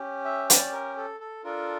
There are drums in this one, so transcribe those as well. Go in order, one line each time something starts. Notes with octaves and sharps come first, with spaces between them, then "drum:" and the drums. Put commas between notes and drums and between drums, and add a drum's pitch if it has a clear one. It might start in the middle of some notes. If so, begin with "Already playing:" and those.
Already playing: C#4 G4
E5
D5, drum: hi-hat
A#4
A4
A4
D4 F4 A4 A#4